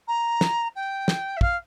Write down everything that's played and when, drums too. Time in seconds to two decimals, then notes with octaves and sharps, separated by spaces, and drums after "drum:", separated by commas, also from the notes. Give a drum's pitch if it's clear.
0.07 A#5
0.41 drum: snare
0.75 G5
1.08 drum: snare
1.36 E5
1.41 F5, drum: kick